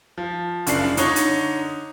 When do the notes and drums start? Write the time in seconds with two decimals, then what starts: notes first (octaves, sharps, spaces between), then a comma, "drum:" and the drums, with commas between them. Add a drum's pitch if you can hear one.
0.18 F3
0.67 F#1 C#3 D4 C7, drum: hi-hat
0.97 D3 D#4 C#5, drum: hi-hat
1.16 drum: hi-hat